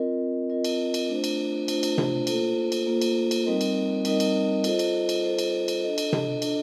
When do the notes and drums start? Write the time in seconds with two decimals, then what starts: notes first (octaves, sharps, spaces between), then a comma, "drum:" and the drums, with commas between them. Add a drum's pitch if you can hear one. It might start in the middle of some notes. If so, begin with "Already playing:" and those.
Already playing: C4 F4 A#4 D#5
0.50 C4 F4 A#4 D#5
0.64 drum: cymbal
0.94 drum: cymbal
1.09 A3 D4 F4 C5
1.24 drum: cymbal
1.68 A3 D4 F4 C5, drum: cymbal
1.83 drum: cymbal
1.98 drum: tom C3
2.27 A#3 F4 A4 C5, drum: cymbal
2.72 drum: cymbal
2.87 A#3 F4 A4 C5
3.01 drum: cymbal
3.31 drum: cymbal
3.46 G3 C4 D#4 A#4 D#5
3.61 drum: cymbal
4.05 G3 C4 D#4 A#4 D#5, drum: cymbal
4.20 drum: cymbal
4.64 F4 A4 C5 D#5, drum: cymbal
4.79 drum: cymbal
5.09 drum: cymbal
5.24 F4 A4 C5 D#5
5.39 drum: cymbal
5.68 drum: cymbal
5.83 D4 A4 D#5
5.98 drum: cymbal
6.13 drum: tom C3
6.42 D4 A4 D#5, drum: cymbal